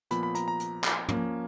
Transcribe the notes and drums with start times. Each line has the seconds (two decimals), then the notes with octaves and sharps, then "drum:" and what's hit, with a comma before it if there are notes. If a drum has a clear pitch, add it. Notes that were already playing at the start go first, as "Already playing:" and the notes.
0.11 A#2 F3 B3 B5, drum: hi-hat
0.23 B5
0.35 A#5, drum: hi-hat
0.48 A#5
0.60 drum: hi-hat
0.84 drum: clap
1.09 F3 A#3 C#4, drum: tom